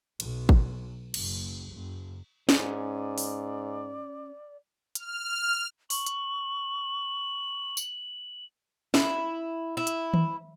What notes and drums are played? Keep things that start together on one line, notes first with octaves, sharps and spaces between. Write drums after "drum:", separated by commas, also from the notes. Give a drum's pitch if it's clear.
B1, drum: cymbal
drum: kick
F#1, drum: cymbal
F#1
G#2 C#4 D5, drum: snare
drum: open hi-hat
F6, drum: hi-hat
C#6 F#7, drum: open hi-hat
drum: hi-hat
drum: tambourine
E4, drum: snare
E4
drum: hi-hat
drum: tom D#3